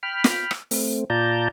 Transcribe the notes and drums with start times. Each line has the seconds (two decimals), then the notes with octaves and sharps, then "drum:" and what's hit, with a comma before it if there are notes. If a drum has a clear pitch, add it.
0.03 G5 B5 F6
0.24 drum: snare
0.51 drum: rim click
0.71 A3 C4, drum: open hi-hat
1.10 A#2 F4 D5 A5 A#5 G6